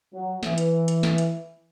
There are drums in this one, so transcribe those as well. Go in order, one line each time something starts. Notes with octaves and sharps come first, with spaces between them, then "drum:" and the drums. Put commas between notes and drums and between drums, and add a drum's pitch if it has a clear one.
F#3
E3, drum: snare
drum: hi-hat
drum: hi-hat
drum: snare
drum: hi-hat